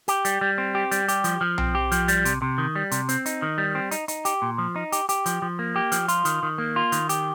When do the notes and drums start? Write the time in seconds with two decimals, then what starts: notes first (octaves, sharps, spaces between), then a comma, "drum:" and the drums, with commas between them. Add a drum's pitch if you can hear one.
0.08 G4, drum: hi-hat
0.25 G3, drum: hi-hat
0.41 G3
0.58 C4
0.75 G4
0.91 G3, drum: hi-hat
1.08 G4, drum: hi-hat
1.24 F3, drum: hi-hat
1.41 F3
1.58 C4, drum: tom B1
1.75 G4
1.92 F3, drum: hi-hat
2.08 G3, drum: hi-hat
2.25 C3, drum: hi-hat
2.42 C3
2.58 D#3
2.76 G3
2.91 C3, drum: hi-hat
3.09 C4, drum: hi-hat
3.26 D#4, drum: hi-hat
3.42 D#3
3.58 G3
3.75 C4
3.91 D#4, drum: hi-hat
4.08 D#4, drum: hi-hat
4.25 G4, drum: hi-hat
4.42 A#2
4.58 F3
4.76 D#4
4.92 G4, drum: hi-hat
5.09 G4, drum: hi-hat
5.26 F3, drum: hi-hat
5.42 F3
5.59 A#3
5.76 G4
5.92 F3, drum: hi-hat
6.08 F4, drum: hi-hat
6.25 D#3, drum: hi-hat
6.43 D#3
6.58 A#3
6.76 F4
6.92 D#3, drum: hi-hat
7.09 G4, drum: hi-hat